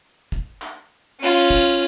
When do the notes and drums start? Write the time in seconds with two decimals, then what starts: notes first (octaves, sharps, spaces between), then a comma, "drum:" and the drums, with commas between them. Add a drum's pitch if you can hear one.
0.32 drum: kick
0.62 drum: clap
1.21 C#4 F4
1.50 drum: kick